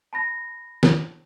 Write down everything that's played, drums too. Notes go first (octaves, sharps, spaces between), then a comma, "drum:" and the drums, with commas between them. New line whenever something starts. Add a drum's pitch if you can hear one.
A5 B5 A#6
drum: snare